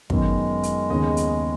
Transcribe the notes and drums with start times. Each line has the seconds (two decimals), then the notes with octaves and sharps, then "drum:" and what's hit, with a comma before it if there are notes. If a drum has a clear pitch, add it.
0.10 F#2 D#3 G#3 B3, drum: kick
0.63 drum: hi-hat
0.90 D#2 C#3 B3 G#4 D#5
1.17 drum: hi-hat